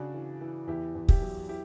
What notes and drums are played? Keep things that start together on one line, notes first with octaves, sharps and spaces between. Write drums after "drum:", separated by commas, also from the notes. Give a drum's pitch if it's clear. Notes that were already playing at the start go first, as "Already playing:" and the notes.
Already playing: C#3 D4 F#4
E3
E3
E2 E4 G4
E2
E4 G4, drum: kick
F#3
E4 G4